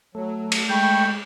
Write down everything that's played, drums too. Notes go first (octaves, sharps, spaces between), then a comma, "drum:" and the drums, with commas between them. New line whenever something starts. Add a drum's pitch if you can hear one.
F#3 A3
drum: cymbal
G#3 G5 B5 C#6